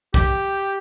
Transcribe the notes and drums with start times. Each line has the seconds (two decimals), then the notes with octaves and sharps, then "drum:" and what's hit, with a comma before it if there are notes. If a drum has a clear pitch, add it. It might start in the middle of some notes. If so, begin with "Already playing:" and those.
0.14 G4, drum: kick